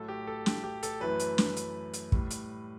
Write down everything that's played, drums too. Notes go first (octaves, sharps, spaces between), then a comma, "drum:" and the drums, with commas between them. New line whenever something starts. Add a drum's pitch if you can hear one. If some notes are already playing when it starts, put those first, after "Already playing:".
Already playing: A2 F#3 A3 A4
G4
A4
G4, drum: snare
G4
A4, drum: hi-hat
F#2 E3 A3 B4
drum: hi-hat
drum: snare
drum: hi-hat
drum: hi-hat
A2 G3, drum: kick
drum: hi-hat